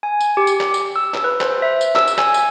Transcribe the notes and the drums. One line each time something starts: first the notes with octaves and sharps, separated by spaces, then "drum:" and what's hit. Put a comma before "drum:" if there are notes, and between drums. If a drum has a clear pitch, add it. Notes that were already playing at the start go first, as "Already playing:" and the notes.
G#5
drum: tambourine
G4
drum: tambourine
drum: clap
drum: tambourine
E6
drum: clap
B4
C5, drum: clap
E5
drum: tambourine
E6, drum: clap
drum: tambourine
G#5, drum: clap
drum: tambourine